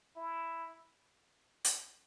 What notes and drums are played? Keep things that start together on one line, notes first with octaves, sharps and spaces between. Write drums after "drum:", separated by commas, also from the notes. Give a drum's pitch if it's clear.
E4
drum: hi-hat